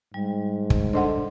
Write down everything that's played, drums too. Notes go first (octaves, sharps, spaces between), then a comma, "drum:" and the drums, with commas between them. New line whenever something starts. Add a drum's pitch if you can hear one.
G#2 G3
drum: kick
D3 C5 D#5 F#5 C6